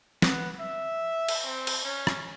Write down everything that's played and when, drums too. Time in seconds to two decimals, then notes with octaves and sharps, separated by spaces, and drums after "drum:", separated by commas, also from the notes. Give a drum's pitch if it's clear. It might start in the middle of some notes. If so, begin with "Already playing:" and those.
0.22 B3, drum: snare
0.60 E5
1.29 drum: cymbal
1.44 C4
1.67 drum: cymbal
1.84 C#4
2.07 drum: rim click